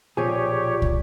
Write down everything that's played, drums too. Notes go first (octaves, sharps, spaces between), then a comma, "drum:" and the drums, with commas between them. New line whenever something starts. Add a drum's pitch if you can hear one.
B1 A#2 F3 G4 G#4 C#5
drum: kick